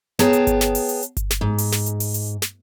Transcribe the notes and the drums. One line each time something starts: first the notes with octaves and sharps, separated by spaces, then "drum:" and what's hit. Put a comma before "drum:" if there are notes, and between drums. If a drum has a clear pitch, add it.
B3 G#4 C#5 G5 A5 A#5, drum: snare
drum: hi-hat
drum: kick G1, hi-hat
drum: snare
drum: open hi-hat
drum: hi-hat
drum: hi-hat
drum: kick G1, hi-hat
drum: snare
G#2
drum: open hi-hat
drum: snare
drum: hi-hat
drum: open hi-hat
drum: hi-hat
drum: snare